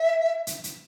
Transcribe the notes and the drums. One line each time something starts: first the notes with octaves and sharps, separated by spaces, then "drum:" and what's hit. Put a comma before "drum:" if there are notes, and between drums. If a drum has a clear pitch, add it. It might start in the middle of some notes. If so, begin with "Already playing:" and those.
Already playing: E5
drum: hi-hat
drum: hi-hat